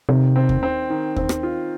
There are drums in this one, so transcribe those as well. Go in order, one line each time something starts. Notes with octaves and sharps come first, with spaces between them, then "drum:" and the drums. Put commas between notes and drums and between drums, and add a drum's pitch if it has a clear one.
C3 D#3
C4
drum: kick
C4
D#3
C4, drum: kick
drum: rim click
F4